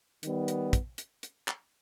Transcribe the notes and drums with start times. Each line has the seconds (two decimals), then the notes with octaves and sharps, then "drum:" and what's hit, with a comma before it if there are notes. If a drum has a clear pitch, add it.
0.23 D#3 G3 B3, drum: hi-hat
0.48 drum: hi-hat
0.73 drum: kick, hi-hat
0.98 drum: hi-hat
1.23 drum: hi-hat
1.48 drum: clap